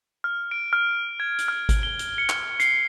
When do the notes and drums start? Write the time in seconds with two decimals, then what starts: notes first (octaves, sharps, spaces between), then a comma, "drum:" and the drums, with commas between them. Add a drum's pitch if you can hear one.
0.24 F6
0.51 D7
0.73 F6
1.20 G#6
1.39 drum: hi-hat
1.48 F6
1.69 drum: kick G#1, hi-hat
1.83 G7
1.99 drum: hi-hat
2.18 C#7
2.29 drum: clap
2.60 C7, drum: hi-hat